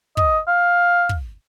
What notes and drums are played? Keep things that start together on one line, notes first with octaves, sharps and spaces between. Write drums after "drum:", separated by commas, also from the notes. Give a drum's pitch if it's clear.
D#5, drum: kick
F5
drum: kick